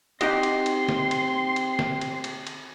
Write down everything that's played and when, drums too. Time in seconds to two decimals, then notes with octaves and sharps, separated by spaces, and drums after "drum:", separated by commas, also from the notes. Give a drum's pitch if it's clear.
0.21 C4 D#4 F#4 G4 D#5 C6, drum: cymbal
0.43 drum: cymbal
0.66 drum: cymbal
0.89 drum: snare
1.11 drum: cymbal
1.56 drum: cymbal
1.79 drum: snare
2.01 drum: cymbal
2.24 drum: cymbal
2.47 drum: cymbal